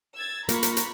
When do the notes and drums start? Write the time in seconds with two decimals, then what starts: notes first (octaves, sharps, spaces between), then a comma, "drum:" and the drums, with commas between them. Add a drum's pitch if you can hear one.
0.14 E6 G#6 A6
0.49 A#3 F4 A#5 B5 C#6, drum: hi-hat
0.63 drum: hi-hat
0.77 drum: hi-hat